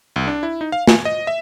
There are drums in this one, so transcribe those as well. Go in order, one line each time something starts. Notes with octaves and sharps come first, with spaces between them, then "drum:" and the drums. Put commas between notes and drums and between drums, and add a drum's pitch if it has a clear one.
C2
D4
E4
D#4
F5
G#5, drum: snare
D#5
E5